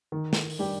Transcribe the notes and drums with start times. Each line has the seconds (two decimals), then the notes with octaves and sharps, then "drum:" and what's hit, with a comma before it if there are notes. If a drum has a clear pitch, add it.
0.12 D#3
0.33 drum: snare
0.50 drum: open hi-hat
0.59 G3 D4 G4